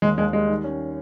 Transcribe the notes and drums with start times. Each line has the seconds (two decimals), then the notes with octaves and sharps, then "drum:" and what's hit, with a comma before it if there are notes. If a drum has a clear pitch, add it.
0.02 D#2 G#3, drum: tom D#3
0.18 D#2 G#3
0.33 G3 G#3
0.48 D#3
0.64 C#4